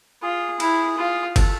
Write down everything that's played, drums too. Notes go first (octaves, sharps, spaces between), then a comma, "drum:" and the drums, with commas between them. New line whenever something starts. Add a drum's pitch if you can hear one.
F4 G#4
E4, drum: cymbal
F4
A4, drum: kick F#1, cymbal